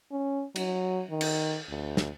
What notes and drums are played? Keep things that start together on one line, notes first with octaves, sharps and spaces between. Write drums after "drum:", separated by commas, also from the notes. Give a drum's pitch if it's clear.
C#4
F#3, drum: cymbal
D#3
drum: cymbal
D2
drum: snare